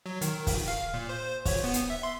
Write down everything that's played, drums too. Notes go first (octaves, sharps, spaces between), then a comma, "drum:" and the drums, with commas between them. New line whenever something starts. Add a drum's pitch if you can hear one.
F#3
D#3, drum: hi-hat
drum: kick, open hi-hat
F5
A#2
C5
C#5, drum: kick, open hi-hat
B3
drum: hi-hat
E5
C6